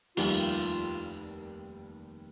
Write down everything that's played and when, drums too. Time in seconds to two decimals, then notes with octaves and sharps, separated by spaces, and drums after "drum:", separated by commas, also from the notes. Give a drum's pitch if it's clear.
0.17 F1 D#2 D#3 G3 F4, drum: cymbal